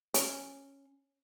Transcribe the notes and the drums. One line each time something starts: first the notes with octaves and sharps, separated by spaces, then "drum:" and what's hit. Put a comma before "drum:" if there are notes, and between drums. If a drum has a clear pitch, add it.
C#4, drum: hi-hat